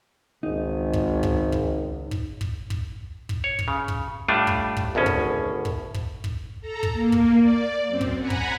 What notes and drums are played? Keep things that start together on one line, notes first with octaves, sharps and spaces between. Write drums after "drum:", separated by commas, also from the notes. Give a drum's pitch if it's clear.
G#1 C#2 D#4
drum: kick
drum: kick
drum: kick
drum: kick
drum: kick
drum: kick
drum: kick
C#5
drum: kick
C#3
drum: kick
A2 G3 A3 D4 F4
drum: kick
drum: kick
G#1 D2 B2 C#4
drum: kick
drum: kick
drum: kick
drum: kick
A4 A#5
drum: kick
A#3
drum: kick
D5
F#2 C4
drum: kick
F#5 G#5 A#5 B5
drum: kick